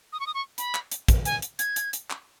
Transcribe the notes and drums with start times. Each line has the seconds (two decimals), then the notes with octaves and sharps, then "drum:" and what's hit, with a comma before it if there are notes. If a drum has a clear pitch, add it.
0.13 D#6
0.20 C#6
0.27 D#6
0.34 C#6
0.58 B5, drum: hi-hat
0.75 drum: clap
0.92 drum: hi-hat
1.08 drum: kick, hi-hat
1.25 G#5, drum: hi-hat
1.42 drum: hi-hat
1.59 G#6, drum: hi-hat
1.76 drum: hi-hat
1.93 drum: hi-hat
2.10 drum: clap